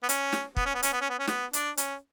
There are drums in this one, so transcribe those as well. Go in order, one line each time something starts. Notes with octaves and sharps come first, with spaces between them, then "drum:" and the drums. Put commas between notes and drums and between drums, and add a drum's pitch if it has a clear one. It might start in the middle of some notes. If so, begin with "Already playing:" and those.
B3
C#4, drum: hi-hat
drum: snare
B3, drum: kick
C#4
B3
C#4, drum: hi-hat
B3
C#4
B3
C#4
B3, drum: snare
D4, drum: hi-hat
C#4, drum: hi-hat